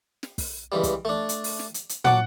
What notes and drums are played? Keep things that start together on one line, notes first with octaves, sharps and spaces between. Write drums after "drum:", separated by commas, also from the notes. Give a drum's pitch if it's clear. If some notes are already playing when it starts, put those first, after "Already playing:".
drum: snare
drum: kick, open hi-hat
C#2 E3 G3
drum: kick, hi-hat
A3 D4
drum: hi-hat
drum: open hi-hat
drum: snare
drum: hi-hat
drum: hi-hat
F#3 F#5 A5 D6, drum: tom